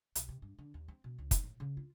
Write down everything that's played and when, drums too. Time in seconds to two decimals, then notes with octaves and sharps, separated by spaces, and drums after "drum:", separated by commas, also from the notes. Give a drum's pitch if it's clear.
0.15 B1, drum: hi-hat
0.29 C3
0.42 G2
0.59 D3
0.74 D#2
0.88 C4
1.04 B2
1.18 C#2
1.31 D#4, drum: kick, hi-hat
1.44 A2
1.60 C#3
1.77 F4